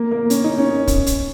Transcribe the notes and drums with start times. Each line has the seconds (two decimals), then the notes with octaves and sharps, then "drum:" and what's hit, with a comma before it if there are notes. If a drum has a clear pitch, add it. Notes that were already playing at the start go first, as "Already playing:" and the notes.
Already playing: A#3
0.11 A#3
0.30 C#4, drum: hi-hat
0.44 D#4
0.58 C#4
0.87 drum: kick, hi-hat
1.07 drum: hi-hat